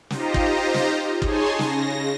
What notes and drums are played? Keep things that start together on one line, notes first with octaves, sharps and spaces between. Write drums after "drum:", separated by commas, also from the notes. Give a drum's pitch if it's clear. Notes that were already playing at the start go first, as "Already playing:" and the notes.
D#4 F4 G4 C5 D#5 A#5, drum: snare
drum: kick
drum: snare
D#4 G#4 C#5 G#5 A5 C6, drum: kick
C#3 A#6, drum: snare